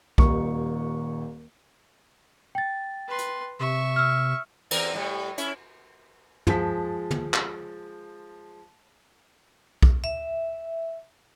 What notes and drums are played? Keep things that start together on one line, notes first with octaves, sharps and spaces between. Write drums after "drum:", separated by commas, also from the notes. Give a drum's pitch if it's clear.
D#1 D#2 D#3 C#6, drum: kick B1
G5 A6
B4 C6
drum: hi-hat
C3 E5 C#6
E6 F6
E2 C4 A#4, drum: cymbal
A2 G3
C#4 E4, drum: hi-hat
F3 G#3 A5 B6, drum: tom
drum: tom
drum: clap
drum: kick B1
E5